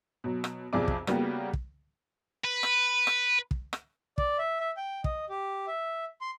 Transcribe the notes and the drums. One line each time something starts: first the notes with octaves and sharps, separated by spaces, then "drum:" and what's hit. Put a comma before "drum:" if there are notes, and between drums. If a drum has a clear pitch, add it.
B2 F#3
drum: rim click
B1 F2 C3 G#4 D5 D6
drum: kick
C#3 G3 A#3 B3 F#4 G4, drum: rim click
drum: kick
B4
drum: rim click
drum: rim click
drum: kick
drum: rim click
D5, drum: kick
E5
E5
G5
D#5, drum: kick
G4
E5
C6